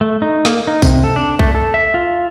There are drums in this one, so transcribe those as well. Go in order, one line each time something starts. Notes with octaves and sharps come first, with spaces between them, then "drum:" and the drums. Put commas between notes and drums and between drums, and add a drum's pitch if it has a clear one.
A3
D#4
A#3, drum: snare
D#4
C3, drum: kick B1, tambourine
A4
D4
A3, drum: kick B1
A4
E5
F4